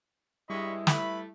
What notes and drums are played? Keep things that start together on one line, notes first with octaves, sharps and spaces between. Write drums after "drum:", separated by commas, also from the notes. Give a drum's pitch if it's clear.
G2 G3 G#3 E4 D#5 B5 C#6
A3 B4 B5, drum: snare